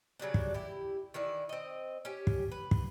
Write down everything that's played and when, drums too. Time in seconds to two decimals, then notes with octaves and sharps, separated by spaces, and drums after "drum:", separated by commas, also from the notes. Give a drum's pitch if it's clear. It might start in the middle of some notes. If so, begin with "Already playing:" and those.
0.19 C#3 F#3 G3 D4
0.34 drum: kick
0.54 E4 G4
1.14 D#3 E3 E4 D5
1.49 C4 D#5
2.05 C#4 G4
2.27 drum: kick
2.52 B4
2.71 drum: kick